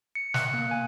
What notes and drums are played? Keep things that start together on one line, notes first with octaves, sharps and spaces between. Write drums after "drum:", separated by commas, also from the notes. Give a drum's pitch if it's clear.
C#7
F#6, drum: snare
A#3
G#5